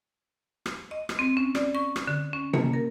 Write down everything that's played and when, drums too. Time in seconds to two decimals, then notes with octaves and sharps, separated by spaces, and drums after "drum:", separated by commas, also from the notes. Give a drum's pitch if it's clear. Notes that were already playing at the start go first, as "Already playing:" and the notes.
0.66 drum: rim click
0.91 D#5
1.09 drum: rim click
1.19 C4
1.37 C#4
1.55 D5, drum: rim click
1.75 C#6
1.96 drum: rim click
2.08 D3
2.33 C#4
2.53 A#3, drum: tom C3
2.73 A#4